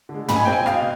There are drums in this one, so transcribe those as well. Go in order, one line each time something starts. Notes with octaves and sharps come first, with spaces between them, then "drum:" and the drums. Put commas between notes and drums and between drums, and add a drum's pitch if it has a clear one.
D3
G#3
B2 B5, drum: tom
G#5
G#3 C4 G5
G#5
B2 F5, drum: rim click